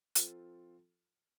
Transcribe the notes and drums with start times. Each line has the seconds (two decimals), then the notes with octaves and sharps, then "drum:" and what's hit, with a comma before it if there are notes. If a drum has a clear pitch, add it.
0.15 F3 C4 F4 A4, drum: hi-hat